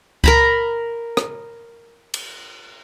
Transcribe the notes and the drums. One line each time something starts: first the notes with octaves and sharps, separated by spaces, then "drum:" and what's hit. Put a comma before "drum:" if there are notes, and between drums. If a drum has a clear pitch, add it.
A#4 A#5 B5, drum: kick C#2
drum: rim click
drum: cymbal